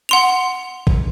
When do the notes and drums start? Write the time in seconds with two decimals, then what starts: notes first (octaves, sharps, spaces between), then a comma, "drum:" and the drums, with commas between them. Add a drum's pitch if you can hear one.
0.09 F#5 C6 F7
0.87 drum: kick